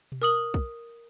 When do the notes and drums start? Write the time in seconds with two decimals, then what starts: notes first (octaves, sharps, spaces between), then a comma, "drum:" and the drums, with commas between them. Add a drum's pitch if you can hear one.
0.12 drum: tom B2
0.22 A#4 D#6 F#7
0.54 drum: kick